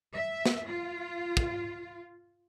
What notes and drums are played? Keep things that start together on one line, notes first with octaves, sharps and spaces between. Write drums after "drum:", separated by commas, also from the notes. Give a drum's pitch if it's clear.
E5
drum: snare
F4
drum: kick